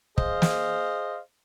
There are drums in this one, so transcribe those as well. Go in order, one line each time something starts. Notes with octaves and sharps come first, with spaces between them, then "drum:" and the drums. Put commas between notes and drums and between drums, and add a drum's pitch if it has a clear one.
G#4 C5 D#5 F5, drum: kick
drum: snare